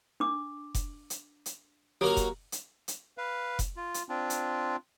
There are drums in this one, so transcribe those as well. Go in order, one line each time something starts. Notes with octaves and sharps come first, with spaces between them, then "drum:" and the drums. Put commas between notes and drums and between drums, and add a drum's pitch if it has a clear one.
D4 D6
drum: kick F1, hi-hat
drum: hi-hat
drum: hi-hat
F#3 A#3 G4 F5
drum: kick F1, hi-hat
drum: hi-hat
drum: hi-hat
B4 F5
drum: kick F1, hi-hat
F4
drum: hi-hat
C4 D4 F4
drum: hi-hat